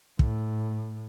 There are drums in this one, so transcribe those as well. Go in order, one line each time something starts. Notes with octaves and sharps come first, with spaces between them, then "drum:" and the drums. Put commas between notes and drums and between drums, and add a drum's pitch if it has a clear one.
A2, drum: kick